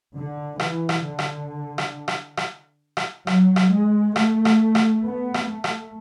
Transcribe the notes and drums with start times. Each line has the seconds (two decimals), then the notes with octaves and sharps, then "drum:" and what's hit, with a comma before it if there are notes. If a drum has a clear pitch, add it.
0.15 D3
0.60 E3, drum: rim click
0.89 drum: rim click
1.03 D3
1.19 drum: rim click
1.78 drum: rim click
2.08 drum: rim click
2.37 drum: rim click
2.97 drum: rim click
3.27 F#3, drum: rim click
3.56 drum: rim click
3.72 G#3
4.16 A3, drum: rim click
4.45 drum: rim click
4.75 drum: rim click
5.04 B3
5.34 drum: rim click
5.49 A3
5.64 drum: rim click